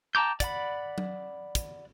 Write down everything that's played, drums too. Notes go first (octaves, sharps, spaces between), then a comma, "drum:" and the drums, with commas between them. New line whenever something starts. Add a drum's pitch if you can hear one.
G5 A5 A#5 D6 G6
D5 F#5 B5, drum: kick, hi-hat
drum: tom F#3
drum: kick, hi-hat